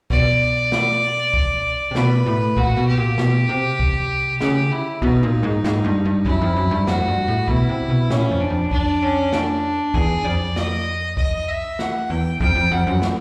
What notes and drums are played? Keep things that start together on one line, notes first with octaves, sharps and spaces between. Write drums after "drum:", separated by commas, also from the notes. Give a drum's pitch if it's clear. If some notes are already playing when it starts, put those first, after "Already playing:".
B2 D5, drum: kick C2
drum: snare
drum: kick C2
C3
B2 B4, drum: snare
A2
A#2 F#4, drum: kick C2
B2
G4
A#2
B2, drum: snare
C3
drum: kick C2
C#3 G4, drum: snare
E4
B2 D#4, drum: kick C2
A#2
G#2
G#2, drum: snare
G2
G2
F#2 E4, drum: kick C2
F2
F#2
G2
F2 F#4, drum: snare
G2
A2
B2 E4, drum: kick C2
C3
B2
A#2 C#4, drum: snare
F2
D4
F2
D4, drum: kick C2
C#4
D4, drum: snare
E2 G#4, drum: kick C2
F2 D5
D#5, drum: snare
D#5, drum: kick C2
E5
F#5, drum: snare
E2 G5
F2 G5, drum: kick C2
F2
F2 F#5
F#2
drum: snare